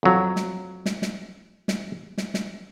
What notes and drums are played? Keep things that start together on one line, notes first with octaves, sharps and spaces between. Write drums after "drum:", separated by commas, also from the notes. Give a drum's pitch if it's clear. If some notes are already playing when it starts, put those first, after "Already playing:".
F2 F#3
drum: snare
drum: snare
drum: snare
drum: snare
drum: snare
drum: snare